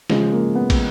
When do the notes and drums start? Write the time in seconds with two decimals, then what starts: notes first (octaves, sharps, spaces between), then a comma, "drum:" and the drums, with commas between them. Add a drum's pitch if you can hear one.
0.10 C#3 F3 G#3, drum: snare
0.33 A#3
0.55 B3
0.70 drum: kick, cymbal